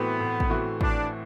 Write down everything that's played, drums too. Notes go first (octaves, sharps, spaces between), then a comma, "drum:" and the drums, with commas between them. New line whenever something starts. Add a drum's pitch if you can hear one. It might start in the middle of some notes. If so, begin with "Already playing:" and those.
Already playing: A2 E3 A3 B3 C4 F#4
A2
drum: kick
E3 A3 C4 F#4
A2 D4, drum: kick